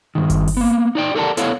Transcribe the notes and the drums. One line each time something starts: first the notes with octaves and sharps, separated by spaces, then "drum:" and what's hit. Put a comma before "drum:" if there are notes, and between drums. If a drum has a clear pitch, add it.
G2 D#3
drum: kick G1, hi-hat
drum: open hi-hat
A#3 B3
D#4 D5 G5
G4 A4 A#4 D5 F#5 A5
B3 E4 A4 C#5 F5 F#5, drum: hi-hat